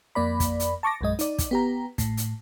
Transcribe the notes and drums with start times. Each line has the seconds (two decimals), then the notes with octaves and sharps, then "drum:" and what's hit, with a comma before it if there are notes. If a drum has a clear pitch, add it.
0.15 F2 A#3 D5 B5
0.40 drum: kick, hi-hat
0.60 drum: hi-hat
0.83 A5 C#6 D6 A#6
1.01 A#1 F#2 G#3 D#5
1.19 D#4 D5, drum: hi-hat
1.38 drum: kick, hi-hat
1.51 B3 G4 A#5
1.98 A2, drum: kick, hi-hat
2.17 drum: hi-hat